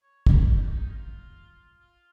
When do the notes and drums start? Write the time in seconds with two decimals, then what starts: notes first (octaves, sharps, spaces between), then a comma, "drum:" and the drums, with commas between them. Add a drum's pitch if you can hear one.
0.02 C#5
0.27 drum: kick
0.46 G4
0.68 D#4
0.90 F4
1.79 F4